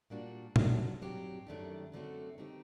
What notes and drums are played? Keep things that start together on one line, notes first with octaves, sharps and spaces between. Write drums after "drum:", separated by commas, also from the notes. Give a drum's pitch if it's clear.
A#2 G3 A#3 D4 F#4
F#3 A#3 D4 F#4, drum: tom
G2 F#3 C4 G4
F#2 D#3 A3 D4 G4
F#2 D3 A3 C4 F#4
D#3 A3 C4 D#4 G4